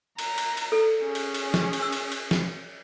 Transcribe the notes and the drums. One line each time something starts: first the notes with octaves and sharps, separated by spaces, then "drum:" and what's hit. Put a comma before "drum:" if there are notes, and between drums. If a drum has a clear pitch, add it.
A#5, drum: cymbal
drum: cymbal
drum: cymbal
A4
C#4 G#4
drum: cymbal
drum: cymbal
drum: snare
drum: cymbal
E6
drum: cymbal
drum: cymbal
drum: snare